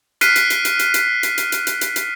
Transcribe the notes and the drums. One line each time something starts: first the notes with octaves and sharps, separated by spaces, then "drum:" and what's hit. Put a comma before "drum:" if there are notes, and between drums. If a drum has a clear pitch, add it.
F6 F#6 B6 C7 D7 D#7, drum: hi-hat
drum: hi-hat
drum: hi-hat
drum: hi-hat
drum: hi-hat
drum: hi-hat
drum: hi-hat
drum: hi-hat
drum: hi-hat
drum: hi-hat
drum: hi-hat
drum: hi-hat